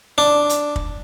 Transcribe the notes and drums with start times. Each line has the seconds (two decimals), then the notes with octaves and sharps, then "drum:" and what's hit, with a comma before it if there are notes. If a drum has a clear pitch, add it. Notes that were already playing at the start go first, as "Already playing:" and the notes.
0.18 D4
0.49 drum: hi-hat
0.76 drum: kick